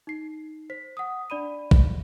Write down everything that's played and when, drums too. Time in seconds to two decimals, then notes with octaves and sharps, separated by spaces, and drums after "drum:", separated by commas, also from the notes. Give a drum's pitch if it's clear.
0.07 D#4 C7
0.70 C5 B6
0.97 F#5 D#6
1.30 D4 D5 B5 D#7
1.71 drum: kick A1